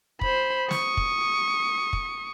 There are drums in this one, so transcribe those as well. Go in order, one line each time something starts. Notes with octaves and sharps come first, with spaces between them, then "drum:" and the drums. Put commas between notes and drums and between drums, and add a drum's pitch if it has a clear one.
C5 B5, drum: kick
C#6 D#6, drum: snare
drum: kick
drum: kick